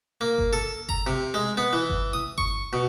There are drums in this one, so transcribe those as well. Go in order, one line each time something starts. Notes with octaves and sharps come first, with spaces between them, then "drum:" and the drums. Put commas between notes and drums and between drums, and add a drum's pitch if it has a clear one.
A#3
drum: kick G1
A4
A#5, drum: kick G1
C3
G#3
B3
E3
drum: kick G1
D#6
C#6, drum: kick G1
B2